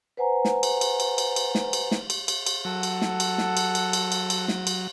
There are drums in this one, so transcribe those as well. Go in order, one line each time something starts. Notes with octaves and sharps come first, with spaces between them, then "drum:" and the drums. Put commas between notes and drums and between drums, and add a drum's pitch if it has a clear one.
B4 C5 F#5 G#5 A#5
drum: snare
drum: cymbal
drum: cymbal
drum: cymbal
drum: cymbal
drum: cymbal
drum: snare
drum: cymbal
drum: snare
drum: cymbal
drum: cymbal
drum: cymbal
F#3 A4 F#5
drum: cymbal
drum: snare
drum: cymbal
drum: snare
drum: cymbal
drum: cymbal
drum: cymbal
drum: cymbal
drum: cymbal
drum: snare
drum: cymbal